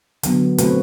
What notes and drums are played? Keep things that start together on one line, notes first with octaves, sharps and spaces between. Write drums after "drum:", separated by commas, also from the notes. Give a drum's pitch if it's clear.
D3 F#3 B3, drum: hi-hat
B2 A3 C4 F#4 B4, drum: hi-hat